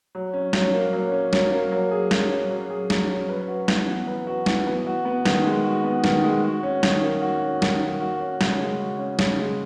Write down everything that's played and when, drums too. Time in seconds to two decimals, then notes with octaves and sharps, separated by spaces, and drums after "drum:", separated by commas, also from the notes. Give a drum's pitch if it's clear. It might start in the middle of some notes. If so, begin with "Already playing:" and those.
0.15 F#3
0.34 C#4
0.53 F#3, drum: snare
0.74 A#3
0.93 F#3
1.12 C#4
1.33 F#3, drum: snare
1.52 A#3
1.72 F#3
1.91 G#4
2.11 F#3, drum: snare
2.30 C#4
2.50 F#3
2.70 G#4
2.90 F#3, drum: snare
3.09 C#4
3.29 B4
3.48 F#4
3.68 E3, drum: snare
3.88 B3
4.07 B4
4.27 F#4
4.46 E3, drum: snare
4.67 B3
4.87 F#4
5.05 B3
5.26 D#3, drum: snare
5.44 G#3
5.64 F#4
5.84 B3
6.04 D#3, drum: snare
6.24 G#3
6.44 F#4
6.63 C#4
6.83 D#3, drum: snare
7.02 A#3
7.22 F#4
7.42 C#4
7.62 D#3, drum: snare
7.81 A#3
8.00 F#4
8.20 C#4
8.41 C#3, drum: snare
8.59 G#3
8.80 F#4
8.99 C#4
9.19 C#3, drum: snare
9.39 G#3